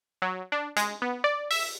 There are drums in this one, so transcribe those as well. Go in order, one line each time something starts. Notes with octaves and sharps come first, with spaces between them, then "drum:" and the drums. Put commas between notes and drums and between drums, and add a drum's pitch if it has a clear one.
F#3
D4
G#3, drum: hi-hat
B3
D5
E5, drum: open hi-hat